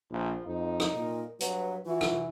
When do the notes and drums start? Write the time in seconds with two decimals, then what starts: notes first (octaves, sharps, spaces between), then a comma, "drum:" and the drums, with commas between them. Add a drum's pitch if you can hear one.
0.11 A#1 F3
0.46 F2 D#4
0.80 drum: rim click
0.95 A#2 A#4
1.40 G2 F#3 B4, drum: hi-hat
1.86 E3 F4 F#4
2.01 drum: rim click